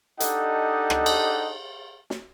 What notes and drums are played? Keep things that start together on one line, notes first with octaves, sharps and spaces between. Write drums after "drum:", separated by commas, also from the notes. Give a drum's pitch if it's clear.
D4 D#4 G4 A4 D#5 F#5, drum: hi-hat
drum: rim click
drum: cymbal
drum: snare